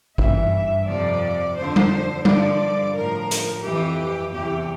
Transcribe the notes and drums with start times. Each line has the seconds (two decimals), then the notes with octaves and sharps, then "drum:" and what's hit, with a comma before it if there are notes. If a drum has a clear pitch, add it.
0.18 G2 E3 E5, drum: kick G#1
0.87 F2 C3 F3 D5
1.56 F2 D3 F3 C5
1.76 drum: tom G3
2.25 G2 D3 F3 D5, drum: tom G3
2.94 A2 F3 A#4
3.31 drum: hi-hat
3.63 F2 E3 G4
4.32 E2 C3 E3 G4